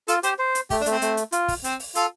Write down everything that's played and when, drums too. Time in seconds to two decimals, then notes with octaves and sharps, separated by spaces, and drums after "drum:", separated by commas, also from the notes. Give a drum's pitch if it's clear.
0.08 F4 A4, drum: hi-hat
0.23 G4 C5, drum: hi-hat
0.39 C5
0.55 drum: hi-hat
0.70 A3 G4, drum: kick, open hi-hat
0.81 D4
0.86 A3, drum: hi-hat
0.91 C4
1.02 A3, drum: hi-hat
1.17 drum: hi-hat
1.32 F4, drum: hi-hat
1.48 drum: kick, open hi-hat
1.64 C4, drum: hi-hat
1.80 drum: open hi-hat
1.95 F4 A4, drum: hi-hat